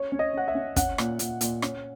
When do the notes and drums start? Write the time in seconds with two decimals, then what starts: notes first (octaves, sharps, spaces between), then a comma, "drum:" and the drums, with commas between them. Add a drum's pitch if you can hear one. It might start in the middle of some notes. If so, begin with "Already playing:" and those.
Already playing: C#4 C#5
0.12 C#4
0.19 D#5
0.33 C#4 F#5
0.48 E5
0.55 C#4
0.76 C#4 F#5, drum: kick, hi-hat
0.98 A#2, drum: rim click
1.19 A#2, drum: hi-hat
1.41 A#2, drum: hi-hat
1.62 C#4, drum: rim click